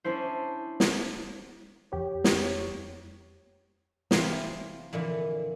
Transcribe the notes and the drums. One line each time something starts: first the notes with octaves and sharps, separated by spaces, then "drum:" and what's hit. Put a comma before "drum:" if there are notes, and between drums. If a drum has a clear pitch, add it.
C#4 D4 E4 C5
drum: snare
F2 G4 C#5
drum: snare
C3 E3 C5 F5, drum: snare
F2 A#2 D3 E3